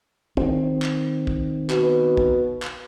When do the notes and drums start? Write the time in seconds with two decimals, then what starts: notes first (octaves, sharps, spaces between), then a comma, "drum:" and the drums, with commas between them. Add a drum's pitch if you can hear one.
0.37 D#3 C4, drum: kick
0.82 drum: clap
1.27 drum: kick
1.70 B2, drum: clap
2.17 drum: kick
2.62 drum: clap